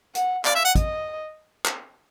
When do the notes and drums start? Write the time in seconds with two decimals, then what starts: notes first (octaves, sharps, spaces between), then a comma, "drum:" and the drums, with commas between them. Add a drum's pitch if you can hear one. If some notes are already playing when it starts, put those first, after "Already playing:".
0.15 F#5, drum: hi-hat
0.45 D5 F5, drum: clap
0.55 E5
0.65 F#5
0.75 D#5, drum: kick, hi-hat
1.66 drum: clap